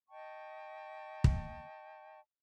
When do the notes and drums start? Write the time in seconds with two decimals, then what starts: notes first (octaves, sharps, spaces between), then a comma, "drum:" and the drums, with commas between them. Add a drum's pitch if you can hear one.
0.09 D#5 G5 A5 C#6
1.24 drum: kick